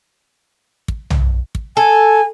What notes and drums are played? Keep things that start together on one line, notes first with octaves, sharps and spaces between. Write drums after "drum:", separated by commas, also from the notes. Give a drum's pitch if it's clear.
drum: kick
drum: tom B1
drum: kick
A4 G#5